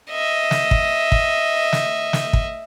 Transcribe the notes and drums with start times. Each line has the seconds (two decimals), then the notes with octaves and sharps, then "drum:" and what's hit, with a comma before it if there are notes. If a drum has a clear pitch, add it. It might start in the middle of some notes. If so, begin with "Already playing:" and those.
0.10 D#5 E5
0.51 drum: snare
0.71 drum: kick
1.12 drum: kick
1.73 drum: snare
2.13 drum: snare
2.33 drum: kick